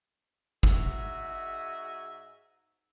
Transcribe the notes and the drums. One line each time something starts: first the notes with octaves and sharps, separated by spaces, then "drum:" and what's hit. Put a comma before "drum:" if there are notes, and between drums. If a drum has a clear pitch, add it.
G#2 F#4 G#4 E5, drum: kick G1